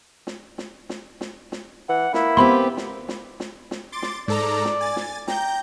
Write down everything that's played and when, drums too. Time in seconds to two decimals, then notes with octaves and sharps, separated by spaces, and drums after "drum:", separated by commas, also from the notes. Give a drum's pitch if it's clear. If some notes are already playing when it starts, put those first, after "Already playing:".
0.27 drum: snare
0.58 drum: snare
0.89 drum: snare
1.21 drum: snare
1.52 drum: snare
1.89 E3 F#5
2.14 A#3 E4, drum: snare
2.37 B3 C4 G4 B5 C6
2.77 drum: snare
3.08 drum: snare
3.40 drum: snare
3.71 drum: snare
3.92 C6 D6 A6
4.02 drum: snare
4.28 G#2 A4 D5 A#5
4.65 drum: snare
4.81 G#5 A6
4.96 drum: snare
5.28 G5 A#5 G6, drum: snare